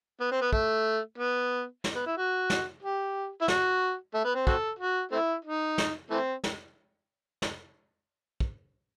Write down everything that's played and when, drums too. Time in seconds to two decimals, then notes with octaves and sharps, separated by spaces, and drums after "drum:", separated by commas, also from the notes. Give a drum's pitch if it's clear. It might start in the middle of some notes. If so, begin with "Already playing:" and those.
0.20 B3
0.32 C4
0.42 B3
0.53 A3, drum: kick
1.18 B3
1.84 drum: snare
1.95 B3
2.06 E4
2.17 F#4
2.50 drum: snare
2.83 G4
3.42 E4
3.48 F#4, drum: snare
4.14 A3
4.25 B3
4.35 C4
4.47 C4 F#4 A4, drum: kick
4.79 F#4
5.12 A3 C4 E4
5.45 D#4
5.78 drum: snare
6.10 E3 A3 C4
6.44 drum: snare
7.42 drum: snare
8.40 drum: kick